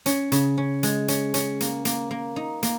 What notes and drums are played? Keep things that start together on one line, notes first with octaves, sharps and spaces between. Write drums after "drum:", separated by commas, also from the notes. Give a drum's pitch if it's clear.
C#4, drum: hi-hat
C#3, drum: hi-hat
C#4
G#3, drum: hi-hat
C#4, drum: hi-hat
C#4, drum: hi-hat
A#3, drum: hi-hat
A#3, drum: hi-hat
A#3
D#4
A#3, drum: hi-hat